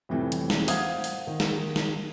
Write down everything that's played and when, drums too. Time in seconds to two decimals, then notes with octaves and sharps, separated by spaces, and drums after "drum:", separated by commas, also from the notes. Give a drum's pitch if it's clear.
0.09 F2 A2 C3 E3 G3
0.32 drum: hi-hat
0.50 drum: snare
0.68 C5 F5 F#5 D#6 G#6, drum: open hi-hat
1.04 drum: open hi-hat
1.27 D#3
1.40 drum: snare
1.76 drum: snare